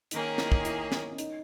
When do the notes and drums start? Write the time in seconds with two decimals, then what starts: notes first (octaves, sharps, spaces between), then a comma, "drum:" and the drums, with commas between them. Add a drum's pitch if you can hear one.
0.11 D#3 A#3 C#4 D#4 G#4, drum: hi-hat
0.38 E4, drum: snare
0.52 drum: kick
0.65 E4, drum: hi-hat
0.92 drum: snare
1.11 C#4
1.18 D#4, drum: hi-hat